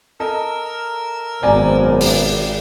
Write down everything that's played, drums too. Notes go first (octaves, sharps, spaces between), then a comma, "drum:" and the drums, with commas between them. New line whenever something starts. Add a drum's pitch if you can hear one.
A4 A#4 D#5 E6
G#1 F#2 B2 C5 D5 G#5 A#5
drum: open hi-hat